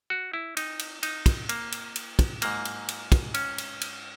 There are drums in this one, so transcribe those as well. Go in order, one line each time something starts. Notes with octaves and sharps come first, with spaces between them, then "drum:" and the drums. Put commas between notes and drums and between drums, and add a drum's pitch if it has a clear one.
F#4
E4
D#4, drum: cymbal
drum: cymbal
D#4, drum: cymbal
drum: kick, cymbal
A#3, drum: cymbal
drum: cymbal
drum: cymbal
drum: kick, cymbal
G#2 F#3 A#3, drum: cymbal
drum: cymbal
drum: cymbal
drum: kick, cymbal
C#4, drum: cymbal
drum: cymbal
drum: cymbal